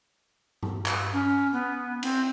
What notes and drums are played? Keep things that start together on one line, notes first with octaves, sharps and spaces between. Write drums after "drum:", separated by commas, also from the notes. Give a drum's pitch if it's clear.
drum: tom G2
drum: clap
C#4
B3
C4, drum: cymbal